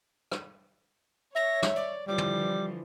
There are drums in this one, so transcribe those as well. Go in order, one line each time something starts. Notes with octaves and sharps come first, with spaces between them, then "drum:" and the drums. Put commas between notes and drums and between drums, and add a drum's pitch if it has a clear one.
drum: rim click
C#5 E5 A#6
drum: snare
D5
D3 E3 F3 G3 D6
drum: tom